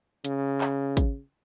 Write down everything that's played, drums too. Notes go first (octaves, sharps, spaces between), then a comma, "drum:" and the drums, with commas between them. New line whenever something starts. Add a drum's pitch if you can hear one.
C#3, drum: hi-hat
drum: clap
drum: kick, hi-hat